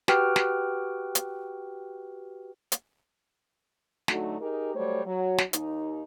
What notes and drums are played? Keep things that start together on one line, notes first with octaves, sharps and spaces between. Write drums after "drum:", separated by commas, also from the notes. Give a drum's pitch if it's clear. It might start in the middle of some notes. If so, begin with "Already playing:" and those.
F#4 G4 B4 G5 F6, drum: snare
drum: snare
drum: hi-hat
drum: hi-hat
D3 F#3 A3 D#4 F#4, drum: snare
D#4 G4 G#4 A#4
F#3 G3 A3 C5 C#5
F#3
drum: snare
D#2 D#4, drum: hi-hat